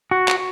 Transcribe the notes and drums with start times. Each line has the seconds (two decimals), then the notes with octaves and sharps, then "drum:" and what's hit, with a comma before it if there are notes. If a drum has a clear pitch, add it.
0.11 F#4
0.28 drum: clap